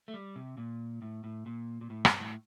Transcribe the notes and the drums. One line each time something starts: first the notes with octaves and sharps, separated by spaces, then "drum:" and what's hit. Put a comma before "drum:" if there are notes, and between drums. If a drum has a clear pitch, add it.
A3
G3
C3
A#2
A2
A2
A#2
A#2
A2
G2, drum: rim click
A2